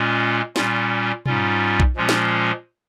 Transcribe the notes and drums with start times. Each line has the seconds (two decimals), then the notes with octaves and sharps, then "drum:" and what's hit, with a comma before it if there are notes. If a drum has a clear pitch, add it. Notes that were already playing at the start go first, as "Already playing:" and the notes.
Already playing: A#2 G#3 C#4 F4
0.56 A#2 G3 C#4 F4, drum: snare
1.26 G#2 G3 C#4 F4, drum: tom B2
1.80 drum: kick B1
1.96 A#2 F3 G#3 C#4 F4
2.09 drum: snare